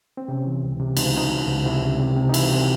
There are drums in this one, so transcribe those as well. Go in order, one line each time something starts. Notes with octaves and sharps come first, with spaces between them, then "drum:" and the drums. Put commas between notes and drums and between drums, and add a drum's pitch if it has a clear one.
C4
C3 C#4
E3
C#2
C3
C#2 D#4, drum: cymbal
E4
C#2 D#4
C#2
C#2
C3 E4
C#2
C3
C3
D#4
E3 E4, drum: cymbal
C3